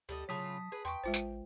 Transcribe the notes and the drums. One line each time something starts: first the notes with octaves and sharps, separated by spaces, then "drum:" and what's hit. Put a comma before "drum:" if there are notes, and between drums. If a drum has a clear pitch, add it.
D2 G3 A3 D#5
A2 C#3 F#3 F4 A5 D#6 B6
G#4 B4
E2 G5 C6 C#6
A1 G#3 F4 C5
drum: tambourine